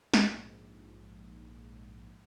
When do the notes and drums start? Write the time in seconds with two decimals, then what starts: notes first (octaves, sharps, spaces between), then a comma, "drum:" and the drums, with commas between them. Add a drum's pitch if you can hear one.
0.14 A#1 G#2, drum: snare